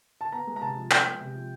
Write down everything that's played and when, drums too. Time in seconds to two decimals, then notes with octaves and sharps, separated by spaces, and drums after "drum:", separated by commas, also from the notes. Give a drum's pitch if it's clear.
0.21 A5
0.32 B3 A#5
0.47 G#3
0.56 A#5
0.62 C3 A5
0.77 F3
0.91 B3 G5, drum: clap
1.06 G#3
1.20 C3
1.35 F3